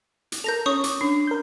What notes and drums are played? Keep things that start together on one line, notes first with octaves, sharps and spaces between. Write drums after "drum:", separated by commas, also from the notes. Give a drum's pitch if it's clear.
drum: hi-hat
A4 A#4 G6 A#6 F7
C#4 C#5 C#6 D#6
D6, drum: hi-hat
D4
A#4 G6